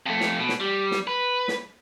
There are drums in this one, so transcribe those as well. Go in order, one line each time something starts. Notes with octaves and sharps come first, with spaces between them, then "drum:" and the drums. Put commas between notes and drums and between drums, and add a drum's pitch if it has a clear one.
F2 A3
drum: snare
B2
drum: snare
G3
drum: snare
B4
drum: snare